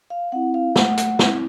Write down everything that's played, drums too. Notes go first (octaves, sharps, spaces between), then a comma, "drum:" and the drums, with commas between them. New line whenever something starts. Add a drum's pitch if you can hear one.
F5
C4 E4 F#5
F5
A3 F#5, drum: snare
drum: hi-hat
C4 E4, drum: snare